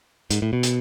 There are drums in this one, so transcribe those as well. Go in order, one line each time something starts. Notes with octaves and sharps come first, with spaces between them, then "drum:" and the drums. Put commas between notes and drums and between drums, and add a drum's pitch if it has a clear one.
G#2, drum: hi-hat
A2
B2
drum: hi-hat